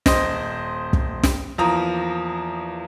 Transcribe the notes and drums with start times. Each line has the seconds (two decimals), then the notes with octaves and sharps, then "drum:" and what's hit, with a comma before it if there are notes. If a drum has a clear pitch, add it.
0.06 D#1 C5 D#5 A#6, drum: snare
0.93 drum: kick
1.23 drum: snare
1.58 E2 F3 A#3 A#5 D#6